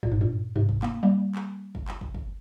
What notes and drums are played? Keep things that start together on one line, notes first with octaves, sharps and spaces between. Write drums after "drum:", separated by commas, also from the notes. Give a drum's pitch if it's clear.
A#2, drum: kick
G#2
G2 A#2
G#2 C3
drum: kick
A#3, drum: clap
G3 A#3
drum: clap
drum: kick
drum: clap
drum: kick
drum: kick